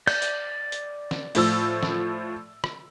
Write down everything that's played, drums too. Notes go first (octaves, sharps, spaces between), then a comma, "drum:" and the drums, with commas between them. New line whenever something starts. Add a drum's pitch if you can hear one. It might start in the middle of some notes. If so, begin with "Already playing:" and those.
D5 G6, drum: cymbal
drum: hi-hat
drum: hi-hat
drum: snare
A2 F3 E6, drum: open hi-hat
drum: snare
drum: rim click